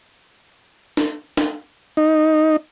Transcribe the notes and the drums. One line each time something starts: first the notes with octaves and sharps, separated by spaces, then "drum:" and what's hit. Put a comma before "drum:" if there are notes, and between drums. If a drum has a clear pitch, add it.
drum: snare
drum: snare
D#4